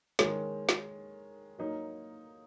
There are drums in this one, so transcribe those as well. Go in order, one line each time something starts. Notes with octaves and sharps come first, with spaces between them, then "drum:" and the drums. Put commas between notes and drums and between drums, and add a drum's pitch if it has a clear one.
D#3 G#3 C#4, drum: snare
drum: snare
F#3 A#3 D#4